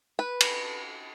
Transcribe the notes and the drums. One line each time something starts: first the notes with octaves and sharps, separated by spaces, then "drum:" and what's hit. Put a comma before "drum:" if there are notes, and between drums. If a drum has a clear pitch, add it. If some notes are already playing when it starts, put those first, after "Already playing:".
B4
drum: cymbal